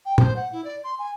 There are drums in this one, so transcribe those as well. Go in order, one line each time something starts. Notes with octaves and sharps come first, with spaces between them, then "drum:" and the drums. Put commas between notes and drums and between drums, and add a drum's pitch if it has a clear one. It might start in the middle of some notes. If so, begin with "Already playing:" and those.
G5
C5, drum: tom
F#5
E4
D5
C6
G#5